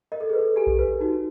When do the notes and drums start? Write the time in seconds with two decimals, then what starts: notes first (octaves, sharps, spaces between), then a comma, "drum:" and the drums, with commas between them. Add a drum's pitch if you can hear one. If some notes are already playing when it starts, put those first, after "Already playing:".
0.12 A#4 D#5
0.21 A4
0.30 G#4 B4
0.39 A4
0.56 G4 G#5
0.67 drum: kick A#1
0.79 B4
1.00 D#4 F#4